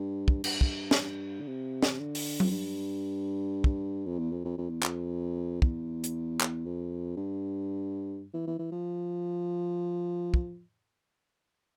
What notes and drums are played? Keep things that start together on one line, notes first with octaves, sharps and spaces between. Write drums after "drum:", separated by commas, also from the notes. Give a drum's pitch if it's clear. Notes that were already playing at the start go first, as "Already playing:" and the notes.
Already playing: G2
drum: kick
G2, drum: cymbal
drum: kick
drum: snare
D3
C3
drum: snare
D3
drum: open hi-hat
F2, drum: tom F#3
G2
drum: kick
F2
E2
F2
F2
F2
E2
F2, drum: clap
E2, drum: kick
drum: hi-hat
drum: clap
F2
G2
E3
E3
E3
F3
drum: kick